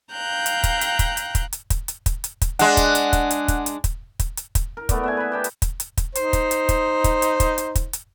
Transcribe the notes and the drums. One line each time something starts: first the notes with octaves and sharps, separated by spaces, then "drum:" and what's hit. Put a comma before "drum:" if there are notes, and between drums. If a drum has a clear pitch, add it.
F5 G5 A#5 F#6 G6
drum: hi-hat
drum: kick, hi-hat
drum: hi-hat
drum: kick, hi-hat
drum: hi-hat
drum: kick, hi-hat
drum: hi-hat
drum: kick, hi-hat
drum: hi-hat
drum: kick, hi-hat
drum: hi-hat
drum: kick, hi-hat
G#3 D4 F#5 F#6, drum: hi-hat
drum: kick, hi-hat
drum: hi-hat
drum: kick, hi-hat
drum: hi-hat
drum: kick, hi-hat
drum: hi-hat
drum: kick, hi-hat
drum: kick, hi-hat
drum: hi-hat
drum: kick, hi-hat
A#4
A3 B3 D5, drum: kick, hi-hat
B3 E5 G#5
B4 B5
G4 G5 A5
drum: hi-hat
drum: kick, hi-hat
drum: hi-hat
drum: kick, hi-hat
D#4 C5, drum: hi-hat
drum: kick, hi-hat
drum: hi-hat
drum: kick, hi-hat
drum: kick, hi-hat
drum: hi-hat
drum: kick, hi-hat
drum: hi-hat
drum: kick, hi-hat
drum: hi-hat